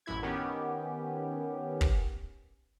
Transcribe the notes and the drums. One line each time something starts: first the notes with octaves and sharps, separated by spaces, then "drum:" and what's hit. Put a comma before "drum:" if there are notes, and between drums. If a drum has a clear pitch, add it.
A1 F#2 E4 G#6
D#3 B3 C#4 G4
drum: kick